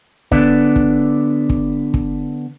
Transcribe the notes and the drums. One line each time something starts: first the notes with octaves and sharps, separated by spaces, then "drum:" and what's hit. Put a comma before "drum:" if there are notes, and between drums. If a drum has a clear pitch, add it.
D3 B3 D4, drum: kick
drum: kick
drum: kick
drum: kick